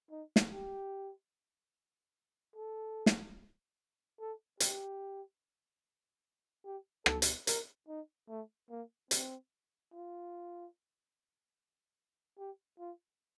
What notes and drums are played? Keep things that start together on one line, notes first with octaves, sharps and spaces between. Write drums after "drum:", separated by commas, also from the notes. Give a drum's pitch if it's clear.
D#4
drum: snare
G4
A4
drum: snare
A4
G4, drum: hi-hat
G4
A4, drum: rim click
drum: hi-hat
A#4, drum: hi-hat
D#4
A3
A#3
C4, drum: hi-hat
F4
G4
F4